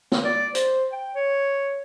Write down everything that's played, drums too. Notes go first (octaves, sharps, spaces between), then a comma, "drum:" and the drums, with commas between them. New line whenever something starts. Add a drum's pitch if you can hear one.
drum: snare
D5
C5, drum: hi-hat
G5
C#5